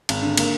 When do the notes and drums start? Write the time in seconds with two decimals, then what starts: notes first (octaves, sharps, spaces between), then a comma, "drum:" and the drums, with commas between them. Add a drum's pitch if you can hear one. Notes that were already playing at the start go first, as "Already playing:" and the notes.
0.09 G#1, drum: cymbal
0.22 D3
0.37 A#3, drum: cymbal